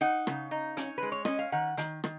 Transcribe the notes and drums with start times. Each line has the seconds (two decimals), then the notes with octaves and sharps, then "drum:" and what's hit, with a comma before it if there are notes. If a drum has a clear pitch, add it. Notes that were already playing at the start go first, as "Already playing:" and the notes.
0.01 D#4 F#5
0.27 C#3, drum: rim click
0.51 D#4
0.77 C#4, drum: hi-hat
0.98 G#3 B4
1.12 C#5
1.25 C#4 D#5, drum: rim click
1.39 F5
1.52 D#3 F#5
1.77 D#3, drum: hi-hat
2.04 D#3, drum: rim click